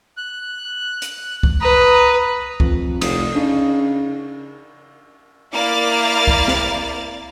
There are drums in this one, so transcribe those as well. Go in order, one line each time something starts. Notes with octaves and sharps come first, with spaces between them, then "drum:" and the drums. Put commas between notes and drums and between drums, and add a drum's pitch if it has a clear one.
F#6
drum: hi-hat
drum: kick
B4 A#5 D#6
F2, drum: kick
F1 D#6, drum: cymbal
C#3 D4 D#4
A#3 E4 D5 D6 F6 A6
drum: kick
drum: snare